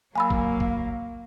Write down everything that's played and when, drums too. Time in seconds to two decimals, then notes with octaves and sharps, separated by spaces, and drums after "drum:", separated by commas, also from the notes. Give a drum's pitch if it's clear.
0.16 F#3 A#3 F5 G#5 B5 E6
0.30 drum: kick A1
0.60 drum: kick A1